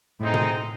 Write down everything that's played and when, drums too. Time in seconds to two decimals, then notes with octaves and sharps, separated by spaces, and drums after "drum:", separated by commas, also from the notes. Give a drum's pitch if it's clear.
0.20 A2 G#3 C4 D#4
0.34 drum: tom A#2